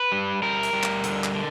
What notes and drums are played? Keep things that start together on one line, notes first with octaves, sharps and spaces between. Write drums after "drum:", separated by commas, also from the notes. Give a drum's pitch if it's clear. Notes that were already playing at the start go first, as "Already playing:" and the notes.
Already playing: B4
G3
G3 A#4
drum: hi-hat
G3
drum: clap
D3, drum: hi-hat
drum: clap
D3